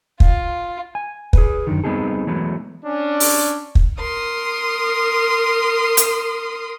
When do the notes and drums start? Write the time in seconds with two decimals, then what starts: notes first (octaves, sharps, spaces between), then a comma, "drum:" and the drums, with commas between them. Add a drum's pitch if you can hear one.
0.20 F4, drum: kick
0.95 G#5
1.33 G#4 B4, drum: kick
1.67 F#2 D3 D#3
1.84 G3 B3 C4 D#4 G#4 A4
2.27 E3 F#3 G#3 A3 B3
2.84 C#4 D4
3.20 drum: open hi-hat
3.75 drum: kick
3.99 A#4 C6 D#6
5.97 drum: hi-hat